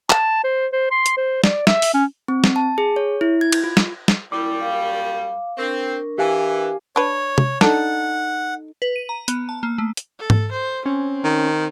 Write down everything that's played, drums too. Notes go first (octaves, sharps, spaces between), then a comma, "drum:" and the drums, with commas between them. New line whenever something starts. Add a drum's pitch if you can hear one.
A5, drum: clap
C5
C5
C6
drum: hi-hat
C5
D5, drum: snare
E5, drum: snare
drum: open hi-hat
C#4
C4
drum: snare
A5
G#4
C#5
E4
G#6
drum: cymbal
F4
drum: snare
drum: snare
F#2 A#2 G3 E4 D6
F5
C4 D4 A#4 C#6
E3 G4 F5 G#5
D4 B4 C#5
drum: tom
D4 D#4 A4 F#5, drum: snare
B4
D#7
A#5
B3, drum: hi-hat
A5
A#3
A3
drum: hi-hat
A4
drum: tom G#2
C5
C4 C#4
D#3